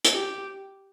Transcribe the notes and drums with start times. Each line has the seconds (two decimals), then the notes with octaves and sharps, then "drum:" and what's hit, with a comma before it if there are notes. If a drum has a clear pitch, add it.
0.04 drum: hi-hat
0.14 G4